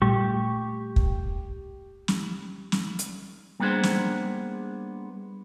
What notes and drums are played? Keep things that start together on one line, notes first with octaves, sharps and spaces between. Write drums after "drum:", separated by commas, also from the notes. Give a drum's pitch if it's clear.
A#2 G3 A3 G4 C#6
drum: kick
drum: snare
drum: snare
drum: hi-hat
G3 A#3 B3 D4 G#4 C5
drum: snare